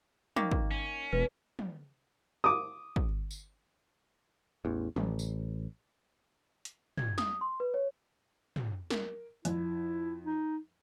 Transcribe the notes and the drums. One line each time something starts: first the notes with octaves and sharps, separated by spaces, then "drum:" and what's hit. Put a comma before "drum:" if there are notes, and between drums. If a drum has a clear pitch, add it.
D#3 A#3, drum: tom
drum: kick
C#4
E1 B4
drum: tom
D6 D#6
drum: kick
drum: tambourine
A1 E2
A1, drum: tom
drum: tambourine
drum: hi-hat
G#6, drum: tom
D#6, drum: snare
C6
B4
C#5
drum: tom
A#4, drum: snare
F2 E4, drum: hi-hat
D#4